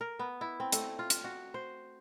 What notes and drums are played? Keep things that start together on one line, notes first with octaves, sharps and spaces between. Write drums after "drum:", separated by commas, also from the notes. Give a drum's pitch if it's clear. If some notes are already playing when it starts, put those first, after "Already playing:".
A#4
B3
E4
C4
A3, drum: hi-hat
F4
drum: hi-hat
F#4
C5